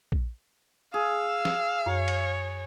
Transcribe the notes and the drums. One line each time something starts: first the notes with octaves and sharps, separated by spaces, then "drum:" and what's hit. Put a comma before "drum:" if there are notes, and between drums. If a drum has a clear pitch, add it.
drum: kick A#1
G#4 F5 E6
drum: snare
F#2 C#5
drum: cymbal